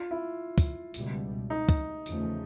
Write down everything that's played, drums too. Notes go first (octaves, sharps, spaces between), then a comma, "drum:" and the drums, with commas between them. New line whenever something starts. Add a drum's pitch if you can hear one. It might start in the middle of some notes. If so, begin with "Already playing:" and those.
Already playing: F4
E4
drum: kick, tambourine
C#2 B2 G3, drum: tambourine
D#4
drum: kick, tambourine
E2 C#3 F3 A3, drum: tambourine